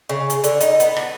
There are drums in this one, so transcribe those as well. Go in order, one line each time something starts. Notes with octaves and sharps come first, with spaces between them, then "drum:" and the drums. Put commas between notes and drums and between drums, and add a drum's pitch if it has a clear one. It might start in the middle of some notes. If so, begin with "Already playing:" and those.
C#3
drum: hi-hat
D3, drum: hi-hat
D#4, drum: hi-hat
B3, drum: hi-hat
drum: rim click